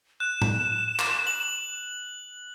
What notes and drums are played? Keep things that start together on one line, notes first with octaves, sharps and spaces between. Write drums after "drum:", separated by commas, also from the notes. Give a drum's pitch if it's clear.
F#6 E7
drum: tom A2
drum: clap
F#7